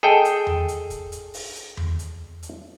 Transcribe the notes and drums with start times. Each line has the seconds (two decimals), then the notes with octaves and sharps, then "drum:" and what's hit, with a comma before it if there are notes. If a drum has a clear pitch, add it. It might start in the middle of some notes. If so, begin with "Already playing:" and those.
0.03 G#4 A4 D#5 G5
0.25 drum: hi-hat
0.47 drum: tom E2
0.68 drum: hi-hat
0.90 drum: kick, hi-hat
1.12 drum: hi-hat
1.34 drum: open hi-hat
1.55 drum: hi-hat
1.77 drum: tom E2
1.99 drum: hi-hat
2.43 drum: hi-hat